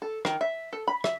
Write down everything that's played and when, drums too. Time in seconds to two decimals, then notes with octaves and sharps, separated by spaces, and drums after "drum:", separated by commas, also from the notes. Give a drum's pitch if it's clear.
0.02 A4
0.25 D#3, drum: rim click
0.41 E5
0.73 A4
0.87 B5
1.04 E5, drum: rim click